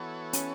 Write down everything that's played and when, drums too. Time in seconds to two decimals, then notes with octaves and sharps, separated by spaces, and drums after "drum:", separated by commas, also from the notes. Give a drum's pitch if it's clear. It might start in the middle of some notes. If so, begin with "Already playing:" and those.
Already playing: E3 B3 F#4 A4 C#5
0.33 C#4, drum: hi-hat